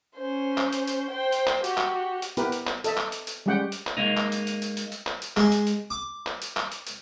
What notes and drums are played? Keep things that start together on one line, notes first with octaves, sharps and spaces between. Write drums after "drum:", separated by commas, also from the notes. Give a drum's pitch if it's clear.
C#4 C5
drum: clap
drum: hi-hat
drum: hi-hat
C5 G5
drum: hi-hat
drum: clap
F#4 G4, drum: hi-hat
drum: clap
drum: hi-hat
B3 E4 G4 A#4 B4, drum: hi-hat
drum: hi-hat
drum: clap
A4 D#5 E5, drum: hi-hat
drum: clap
drum: hi-hat
drum: hi-hat
G3 G#3 C#4 G4 F#5 G5
drum: hi-hat
drum: clap
G#3 A#3 D#4
drum: clap
drum: hi-hat
drum: hi-hat
drum: hi-hat
drum: hi-hat
drum: hi-hat
drum: clap
drum: hi-hat
G#3, drum: clap
drum: hi-hat
drum: hi-hat
D6
drum: clap
drum: hi-hat
drum: clap
drum: hi-hat
drum: hi-hat